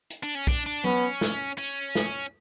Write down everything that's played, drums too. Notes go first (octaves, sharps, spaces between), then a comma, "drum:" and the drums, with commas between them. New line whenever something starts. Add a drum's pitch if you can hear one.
drum: hi-hat
D4
C#4
D4, drum: kick, hi-hat
D4
B3 C#4, drum: tom F#3
drum: snare
C#4, drum: hi-hat
drum: snare